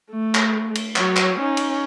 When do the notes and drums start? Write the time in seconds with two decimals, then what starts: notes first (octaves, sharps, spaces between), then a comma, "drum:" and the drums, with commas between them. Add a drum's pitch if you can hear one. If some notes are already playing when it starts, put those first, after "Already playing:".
0.11 A3
0.35 drum: clap
0.75 drum: cymbal
0.96 F#3 C#5, drum: clap
1.16 drum: clap
1.40 C#4 D#4
1.57 drum: cymbal